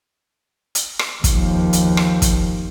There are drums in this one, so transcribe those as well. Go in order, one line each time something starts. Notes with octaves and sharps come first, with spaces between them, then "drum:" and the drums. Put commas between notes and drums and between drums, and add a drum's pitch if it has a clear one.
drum: hi-hat
drum: rim click
D#2 F3, drum: kick, hi-hat
drum: hi-hat
drum: rim click
drum: kick, hi-hat